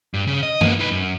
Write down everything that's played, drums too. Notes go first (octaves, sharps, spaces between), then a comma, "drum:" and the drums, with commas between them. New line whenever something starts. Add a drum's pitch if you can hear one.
G2
C#3
D#5
A#3 B3, drum: tom
D#4 B4
F#2